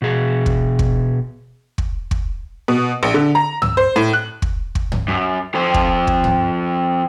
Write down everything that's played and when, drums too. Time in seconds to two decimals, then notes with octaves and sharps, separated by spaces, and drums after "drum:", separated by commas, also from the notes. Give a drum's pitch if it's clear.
0.02 B2 G#4
0.46 drum: kick
0.79 drum: kick
1.78 drum: kick
2.11 drum: kick
2.68 B2
3.03 A#1
3.14 D3
3.35 A#5
3.62 E6, drum: tom
3.77 C5
3.96 A2
4.13 F#6
4.42 drum: kick
4.75 drum: kick
4.92 drum: tom
5.08 F#2
5.55 F2 C5
5.74 drum: kick
6.07 drum: kick
6.24 drum: tom